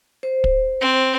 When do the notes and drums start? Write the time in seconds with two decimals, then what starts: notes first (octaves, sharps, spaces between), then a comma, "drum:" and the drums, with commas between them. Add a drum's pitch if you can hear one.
0.23 C5
0.44 drum: kick
0.81 C4